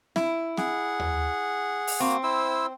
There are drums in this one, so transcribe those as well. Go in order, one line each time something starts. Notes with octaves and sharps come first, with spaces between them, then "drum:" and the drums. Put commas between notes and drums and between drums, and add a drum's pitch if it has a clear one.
E4, drum: snare C4
G#4 F#5, drum: snare C4
drum: tom D#2
drum: open hi-hat
A#3 C4 F#4
E4 C5 E6